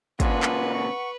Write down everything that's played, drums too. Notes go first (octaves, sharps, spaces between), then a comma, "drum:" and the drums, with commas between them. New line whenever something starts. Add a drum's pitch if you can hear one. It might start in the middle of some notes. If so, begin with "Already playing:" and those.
A#2 C#3 D4 F4 B4 F#5 G#5, drum: kick, hi-hat
drum: clap
C#6